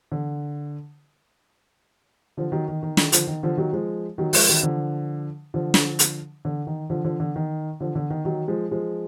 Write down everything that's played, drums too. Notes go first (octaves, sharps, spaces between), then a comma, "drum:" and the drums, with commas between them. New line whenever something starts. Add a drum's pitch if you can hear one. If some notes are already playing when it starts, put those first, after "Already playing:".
D3
D3 F3
D#3 F#3
D#3
D#3
D#3, drum: snare
D3 F3, drum: hi-hat
D#3
D3 F3
D#3 F#3
F3 G#3
D#3 F#3
F3 G#3, drum: open hi-hat
D#3 F#3
D3 F3
D3 F3
drum: snare
drum: hi-hat
D3
D#3
D3 F3
D3 F3
D3
D#3
D3 F3
D3
D#3
D#3 F#3
F3 G#3
F3 G#3